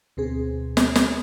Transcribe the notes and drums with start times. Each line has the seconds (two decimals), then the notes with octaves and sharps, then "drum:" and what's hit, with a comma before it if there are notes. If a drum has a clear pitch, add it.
0.17 D2 B2 C4 G#4
0.77 drum: snare
0.96 drum: snare